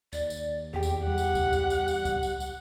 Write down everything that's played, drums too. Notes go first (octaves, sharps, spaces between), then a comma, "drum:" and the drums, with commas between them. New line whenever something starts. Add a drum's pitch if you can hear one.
D#2 D5, drum: tambourine
drum: tambourine
E2 G4 G5
drum: tambourine
G3 F#5
drum: tambourine
drum: kick C#2, tambourine
drum: tambourine
drum: tambourine
drum: tambourine
drum: kick C#2, tambourine
drum: tambourine
drum: tambourine